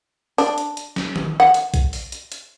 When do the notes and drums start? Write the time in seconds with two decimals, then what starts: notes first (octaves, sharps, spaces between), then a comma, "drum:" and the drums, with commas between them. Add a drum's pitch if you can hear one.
0.38 D4, drum: open hi-hat
0.58 drum: hi-hat
0.77 drum: hi-hat
0.96 drum: snare
1.16 drum: tom D#3
1.40 F#5
1.54 drum: hi-hat
1.74 drum: kick, hi-hat
1.93 drum: open hi-hat
2.12 drum: hi-hat
2.32 drum: hi-hat